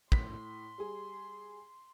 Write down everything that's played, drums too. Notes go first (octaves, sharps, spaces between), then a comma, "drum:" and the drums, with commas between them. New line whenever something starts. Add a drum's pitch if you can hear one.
A2 C6 B6, drum: kick
G3 G#4